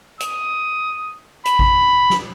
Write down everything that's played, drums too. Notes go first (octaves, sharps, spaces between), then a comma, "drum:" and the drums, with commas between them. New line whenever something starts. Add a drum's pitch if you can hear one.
D#6, drum: hi-hat
B5, drum: hi-hat
drum: kick G#1
drum: snare